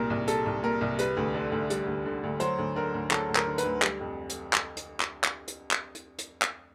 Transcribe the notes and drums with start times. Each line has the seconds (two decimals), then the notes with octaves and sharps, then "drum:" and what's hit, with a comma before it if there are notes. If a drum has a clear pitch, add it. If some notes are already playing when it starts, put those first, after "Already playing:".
Already playing: C2 A#2 G3 A#4
0.10 C2
0.27 G3 A4, drum: hi-hat
0.46 C2
0.63 A#2 A#4
0.81 C2
0.99 G3 B4, drum: hi-hat
1.17 D2
1.34 D3
1.52 D2
1.70 G3, drum: hi-hat
1.87 D2
2.05 D3
2.23 D2
2.40 F#3 C5, drum: hi-hat
2.58 D2
2.76 D3 A#4
2.94 D2
3.11 F#3 A4, drum: clap
3.29 D2
3.35 A#4, drum: clap
3.47 D3
3.58 B4, drum: hi-hat
3.65 D2
3.82 G3, drum: clap
4.01 F2
4.29 drum: hi-hat
4.53 drum: clap
4.77 drum: hi-hat
5.00 drum: clap
5.24 drum: clap
5.48 drum: hi-hat
5.71 drum: clap
5.95 drum: hi-hat
6.18 drum: hi-hat
6.42 drum: clap